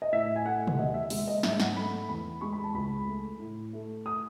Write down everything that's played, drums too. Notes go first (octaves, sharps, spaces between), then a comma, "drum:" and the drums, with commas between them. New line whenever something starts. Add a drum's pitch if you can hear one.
D#5
A2 E5
G#5
A3 F#5
drum: tom
D#2 D#5
E5
G#3 E5, drum: open hi-hat
D#5
G#2 E5, drum: snare
F#5, drum: snare
A3 B5
E2 B5
G#3 C#6
B5
A5
C#2 B5
A3
A2
A3
D#6